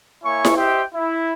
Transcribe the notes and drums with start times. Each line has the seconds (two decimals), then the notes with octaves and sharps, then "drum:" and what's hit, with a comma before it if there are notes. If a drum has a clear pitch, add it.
0.24 A#3 E4 C#5 G#5 C#6
0.45 drum: snare E4
0.56 G4 C5 D#5 E5 G5
0.94 E4